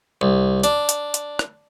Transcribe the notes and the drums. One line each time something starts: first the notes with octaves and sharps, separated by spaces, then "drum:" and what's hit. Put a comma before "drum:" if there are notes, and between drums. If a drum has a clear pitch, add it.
C2
D4, drum: hi-hat
drum: hi-hat
drum: hi-hat
drum: rim click